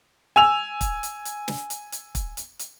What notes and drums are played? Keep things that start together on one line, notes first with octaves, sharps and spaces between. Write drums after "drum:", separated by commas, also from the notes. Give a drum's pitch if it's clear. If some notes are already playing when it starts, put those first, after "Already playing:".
G#5 E6 F7
drum: kick, hi-hat
drum: hi-hat
drum: hi-hat
drum: snare
drum: hi-hat
drum: hi-hat
drum: kick, hi-hat
drum: hi-hat
drum: hi-hat